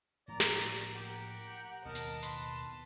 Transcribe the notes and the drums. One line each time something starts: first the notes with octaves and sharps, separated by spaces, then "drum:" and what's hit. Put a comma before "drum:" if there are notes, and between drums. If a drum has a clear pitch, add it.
A2 F3 A#3 D5 A#5
drum: snare
G4 A#4 F#5
D#2 B2 D#3 A#4 D#5 A5
drum: hi-hat
B4 C6, drum: hi-hat